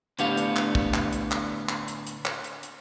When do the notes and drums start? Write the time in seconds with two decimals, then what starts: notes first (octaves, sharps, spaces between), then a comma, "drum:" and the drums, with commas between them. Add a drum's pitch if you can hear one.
0.19 D2 A2 B3 D4 G4 F5, drum: hi-hat
0.37 drum: hi-hat
0.56 drum: clap
0.75 drum: kick
0.94 drum: clap
1.13 drum: hi-hat
1.31 drum: clap
1.69 drum: clap
1.88 drum: hi-hat
2.07 drum: hi-hat
2.25 drum: clap
2.44 drum: hi-hat
2.63 drum: hi-hat